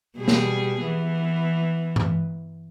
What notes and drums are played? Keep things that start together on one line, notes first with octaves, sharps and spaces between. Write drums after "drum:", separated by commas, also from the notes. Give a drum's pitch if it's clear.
B2 G3 G#4
drum: snare
E3 B3
drum: tom G2